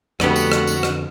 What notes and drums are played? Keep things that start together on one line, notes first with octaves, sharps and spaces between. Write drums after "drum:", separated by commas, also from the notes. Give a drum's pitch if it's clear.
F2 D3 A3 B3 D4 F#4 G4, drum: rim click
drum: tambourine
drum: rim click
drum: tambourine
drum: rim click